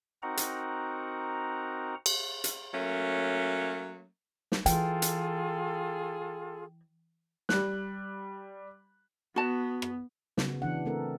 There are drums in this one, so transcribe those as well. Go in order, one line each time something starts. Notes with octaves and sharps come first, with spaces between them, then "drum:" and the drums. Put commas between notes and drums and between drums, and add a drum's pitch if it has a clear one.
C4 D#4 F#4 A#4 F#5 A#5
drum: hi-hat
drum: cymbal
drum: hi-hat
F#3 A3 A#3 C#4
drum: snare
E3 F4 G#4 A4 G5, drum: hi-hat
drum: hi-hat
G3 F#6, drum: snare
B3 F#4 A5
drum: rim click
C#3 B3 F#4, drum: snare
E3 D4 F#5
A3 C4 A4 A#4